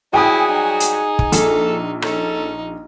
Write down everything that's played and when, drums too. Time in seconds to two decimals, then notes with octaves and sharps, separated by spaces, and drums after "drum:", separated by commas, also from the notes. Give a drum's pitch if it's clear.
0.14 F#3 G3 E4 F#4 G#4 G5 G#5 D#6
0.52 D#4
0.80 drum: hi-hat
1.19 drum: kick
1.32 A#1 A4, drum: hi-hat
2.02 C#4 D#4 A4, drum: rim click